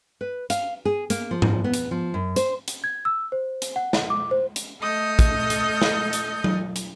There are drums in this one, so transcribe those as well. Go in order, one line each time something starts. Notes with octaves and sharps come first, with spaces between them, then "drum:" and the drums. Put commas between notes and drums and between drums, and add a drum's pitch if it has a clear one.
B4
F5, drum: hi-hat
G#4
A#3, drum: hi-hat
F3
drum: tom G#2
B3
drum: hi-hat
F3
F#2
C5, drum: hi-hat
drum: hi-hat
G#6
E6
C5
drum: hi-hat
F#5
drum: snare
D6
C5
drum: hi-hat
A3 A4 D#5 D#6 F6 G6
drum: kick, hi-hat
drum: hi-hat
drum: snare
drum: hi-hat
drum: tom F#3
drum: hi-hat